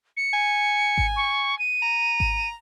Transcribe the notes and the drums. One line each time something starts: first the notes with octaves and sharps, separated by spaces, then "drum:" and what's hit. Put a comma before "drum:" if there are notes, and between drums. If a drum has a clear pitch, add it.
C#7
G#5
drum: kick G#1
C#6
D#7
A#5
drum: kick G#1